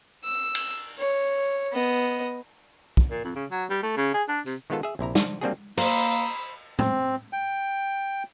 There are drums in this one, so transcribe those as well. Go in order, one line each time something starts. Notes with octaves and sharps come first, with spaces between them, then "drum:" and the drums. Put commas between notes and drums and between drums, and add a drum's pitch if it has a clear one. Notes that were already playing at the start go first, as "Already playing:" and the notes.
E6
drum: cymbal
C#5
B3 D#5
drum: kick
A#2
F2
C#3
F#3
G3
A3
C#3
G#4
D4
C3, drum: tambourine
D#3 G#3 B3 F4 A4
G#4 E5
A#1 C3 E4 A#5
D4 C5, drum: snare
G3 A#3 C4 D4 F#4 G#4
A#3 C5 A#5 B5 D#6 E6, drum: cymbal
C4, drum: tom A2
G5